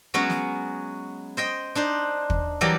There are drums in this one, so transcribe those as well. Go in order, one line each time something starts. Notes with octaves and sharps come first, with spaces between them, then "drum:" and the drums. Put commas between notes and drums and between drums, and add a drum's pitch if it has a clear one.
F#3 G#3 B3 C#4 F#4
drum: snare
C5 D#5 G5
D4 D#4 C5
drum: kick
E3 F#3 G3 G4 A#4